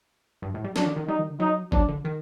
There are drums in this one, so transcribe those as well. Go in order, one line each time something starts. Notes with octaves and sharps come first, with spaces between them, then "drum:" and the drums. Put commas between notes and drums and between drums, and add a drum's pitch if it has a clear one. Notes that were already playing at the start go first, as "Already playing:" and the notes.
G2
A2
G3
F#3 D4, drum: snare
D#3
D#3
G3 D#4
D#3
D3
F#3 D#4
F#3 D4, drum: kick F#1
D3
D#3